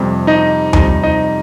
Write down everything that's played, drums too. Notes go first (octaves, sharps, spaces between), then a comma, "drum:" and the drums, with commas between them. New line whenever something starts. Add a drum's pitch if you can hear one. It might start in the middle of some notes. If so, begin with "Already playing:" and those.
Already playing: F2 C3 G3
D#4 D#5
F2 C3 G3 D#4 D#5, drum: tom D#2
D#4 D#5